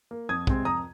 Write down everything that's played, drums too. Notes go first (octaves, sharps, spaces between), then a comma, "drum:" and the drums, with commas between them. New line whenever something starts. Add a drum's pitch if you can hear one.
A#3
F2 D#6 G#6
C3 G#3 C4, drum: kick
F2 A#5 D#6